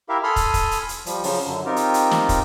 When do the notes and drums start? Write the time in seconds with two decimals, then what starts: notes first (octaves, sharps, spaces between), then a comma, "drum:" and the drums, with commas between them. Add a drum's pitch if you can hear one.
0.09 E4 G4 A#4 E5 F5
0.23 A4 G#5 B5 C6 D#6 F6
0.36 drum: kick, hi-hat
0.54 drum: kick, hi-hat
0.71 drum: hi-hat
0.89 drum: hi-hat
1.06 F3 G3, drum: hi-hat
1.24 C#3 F3 F#3, drum: open hi-hat
1.46 F#2 D3 F#3
1.66 C4 D#4 F4 G4 A#4
1.76 drum: hi-hat
1.94 drum: hi-hat
2.11 drum: snare
2.29 drum: kick, hi-hat